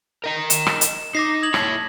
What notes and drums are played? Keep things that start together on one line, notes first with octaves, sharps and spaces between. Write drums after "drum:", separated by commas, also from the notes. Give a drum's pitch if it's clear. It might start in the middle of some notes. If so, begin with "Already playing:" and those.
A#4 D#5 A#5
E7, drum: hi-hat
drum: rim click
drum: hi-hat
D#4 D6 A#6 C7
D#6 G#6 F#7
E4 C#5 A5 G#6, drum: rim click